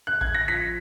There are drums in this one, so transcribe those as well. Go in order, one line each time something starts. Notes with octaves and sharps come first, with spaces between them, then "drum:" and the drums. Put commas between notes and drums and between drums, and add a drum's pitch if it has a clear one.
F#6
G#6, drum: kick A1
A#6
F3 B6